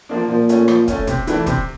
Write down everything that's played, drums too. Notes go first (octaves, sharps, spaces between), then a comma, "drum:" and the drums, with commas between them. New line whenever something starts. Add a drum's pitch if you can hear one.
F3 A#3 D4
A#2 F3
A3 C#4, drum: hi-hat
F3, drum: rim click
A3 C#4, drum: kick, hi-hat
C3, drum: kick, hi-hat
E3 A3 D4, drum: hi-hat
C3, drum: kick, hi-hat